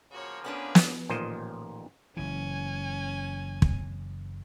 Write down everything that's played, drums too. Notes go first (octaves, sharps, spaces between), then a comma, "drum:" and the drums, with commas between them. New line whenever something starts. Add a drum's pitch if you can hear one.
C#3 F3 A#3 F#4 C#5
B3 C#4 D4 G#4 B4
drum: snare
A1 A#2 D#3 F3 C5 D#5
F#1 E3 C#4 G#5
drum: kick